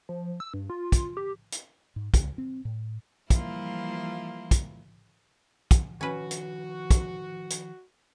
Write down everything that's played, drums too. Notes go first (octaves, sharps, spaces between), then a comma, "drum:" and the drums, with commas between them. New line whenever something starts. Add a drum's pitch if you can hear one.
F3
E6
G2
F4
drum: kick, hi-hat
G4
drum: hi-hat
G#2
C#2, drum: kick, hi-hat
C4
A2
E3 F3 G3 A#3 E4 F4, drum: kick, hi-hat
drum: kick, hi-hat
drum: kick, hi-hat
D#3 F3 C#4 F#4 B4
drum: hi-hat
drum: kick, hi-hat
drum: hi-hat